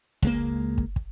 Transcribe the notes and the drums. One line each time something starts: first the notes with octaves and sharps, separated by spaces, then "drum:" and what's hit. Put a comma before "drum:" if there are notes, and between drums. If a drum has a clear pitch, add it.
C#2 G#3 A#3, drum: kick
drum: kick
drum: kick